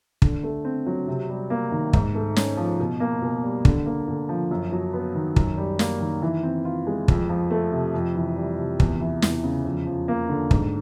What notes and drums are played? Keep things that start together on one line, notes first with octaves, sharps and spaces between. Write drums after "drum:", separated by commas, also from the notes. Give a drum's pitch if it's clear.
D3, drum: kick
A3
C4
F#3
C3
G3
A#3
D#3
G#2, drum: kick
A3
C#4, drum: snare
F3
B2
A#3
B2
G3
D3, drum: kick
A#3
D3
F3
F#2
F#3
B3
D#3
F#2, drum: kick
G3
A#3, drum: snare
D#3
E3
C4
F4
G#3
F2, drum: kick
F3
A3
C3
F2
E3
G3
C3
E2, drum: kick
E3
E2, drum: snare
C#3
F2
F3
A#3
D3
G#2, drum: kick